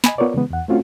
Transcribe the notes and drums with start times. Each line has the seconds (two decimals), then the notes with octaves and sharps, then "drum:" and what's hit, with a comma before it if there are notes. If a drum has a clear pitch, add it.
0.04 D#5 G#5 B5, drum: snare
0.18 B3 F4 A#4 C#5 D5
0.34 C#3 E3 G#3 B3
0.50 E2 F#5
0.68 A3 C4 C#4 F4 F#4